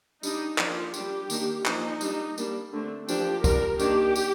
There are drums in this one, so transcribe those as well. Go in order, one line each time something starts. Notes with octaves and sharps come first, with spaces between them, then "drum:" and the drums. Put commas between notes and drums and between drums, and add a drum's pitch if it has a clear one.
G3 D4 D#4, drum: tambourine
F3 A#3 D4 F4, drum: clap
G3 D4 G4, drum: tambourine
D#3 A#3 D4, drum: tambourine
F3 A#3 D4 D#4, drum: clap
G3 A#3 D4, drum: tambourine
G3 A#3 D4, drum: tambourine
D3 A3 C4
F3 A#3 D4 G4, drum: tambourine
G3 D4 A#4, drum: kick C2, tambourine
D#3 A#3 D4 G4, drum: tambourine
drum: tambourine